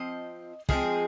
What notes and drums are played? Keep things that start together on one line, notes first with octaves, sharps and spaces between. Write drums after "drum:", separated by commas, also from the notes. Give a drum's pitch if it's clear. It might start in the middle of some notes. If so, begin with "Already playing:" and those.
Already playing: F3 C4 D#5
F3 G#3 C4 G#4, drum: kick